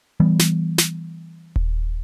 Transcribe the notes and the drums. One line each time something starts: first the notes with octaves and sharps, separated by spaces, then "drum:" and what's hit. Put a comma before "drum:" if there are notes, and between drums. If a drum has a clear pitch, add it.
E3 G3 B3
drum: snare
drum: snare
drum: kick D#1